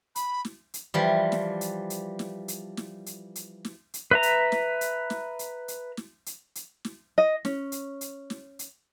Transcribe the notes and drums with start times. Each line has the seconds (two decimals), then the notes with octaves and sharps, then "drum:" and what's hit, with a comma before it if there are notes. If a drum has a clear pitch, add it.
0.15 B5, drum: hi-hat
0.45 drum: snare
0.74 drum: hi-hat
0.94 E3 F3 G3
1.32 drum: snare
1.61 drum: hi-hat
1.90 drum: hi-hat
2.19 drum: snare
2.48 drum: hi-hat
2.77 drum: snare
3.06 drum: hi-hat
3.35 drum: hi-hat
3.65 drum: snare
3.94 drum: hi-hat
4.11 B4 E5 A#5
4.23 drum: hi-hat
4.52 drum: snare
4.81 drum: hi-hat
5.10 drum: snare
5.39 drum: hi-hat
5.68 drum: hi-hat
5.97 drum: snare
6.26 drum: hi-hat
6.55 drum: hi-hat
6.85 drum: snare
7.18 D#5
7.45 C#4, drum: snare
7.72 drum: hi-hat
8.01 drum: hi-hat
8.30 drum: snare
8.59 drum: hi-hat